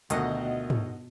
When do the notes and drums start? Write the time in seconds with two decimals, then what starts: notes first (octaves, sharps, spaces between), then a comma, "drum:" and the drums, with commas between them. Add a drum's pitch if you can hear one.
0.10 D2 B2 D#3 F4 D#5 F#5, drum: hi-hat
0.70 drum: tom